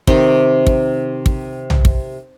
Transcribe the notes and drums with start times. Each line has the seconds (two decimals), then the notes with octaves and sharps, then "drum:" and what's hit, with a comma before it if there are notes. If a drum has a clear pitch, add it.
0.07 C3 D#3 G4, drum: kick
0.67 drum: kick
1.26 drum: kick
1.70 drum: tom B1
1.85 drum: kick